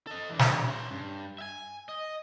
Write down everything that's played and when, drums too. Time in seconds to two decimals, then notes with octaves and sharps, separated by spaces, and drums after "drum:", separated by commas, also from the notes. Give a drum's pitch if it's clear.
0.07 A4 D#5
0.29 E3 D4
0.39 drum: snare
0.67 C#4 C6
0.91 G2
1.38 E5 G#5
1.89 D#5